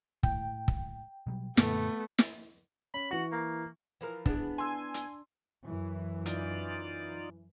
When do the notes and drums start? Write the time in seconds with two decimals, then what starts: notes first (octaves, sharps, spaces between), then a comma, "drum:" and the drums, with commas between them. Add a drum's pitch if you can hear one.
0.23 A2 G5, drum: kick
0.68 drum: kick
1.27 B2 F#3 G3
1.57 F#2 A#2 D3 A3 B3, drum: snare
2.18 drum: snare
2.94 C#4 B5
3.11 E3 F#4 C#6
3.32 A#3
4.01 E3 F3 A#4
4.26 B3 D4 E4 G#4, drum: kick
4.58 G#5 C6 E6
4.94 drum: hi-hat
5.65 F#2 E3
6.26 D#4 F4 D5, drum: hi-hat